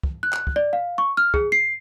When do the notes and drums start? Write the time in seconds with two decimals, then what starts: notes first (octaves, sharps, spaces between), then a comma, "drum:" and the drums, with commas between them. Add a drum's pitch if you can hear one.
0.03 drum: kick
0.23 F#6
0.32 drum: clap
0.47 drum: kick
0.56 D5
0.73 F5
0.98 C#6
1.17 F6
1.34 G#4, drum: kick
1.52 C7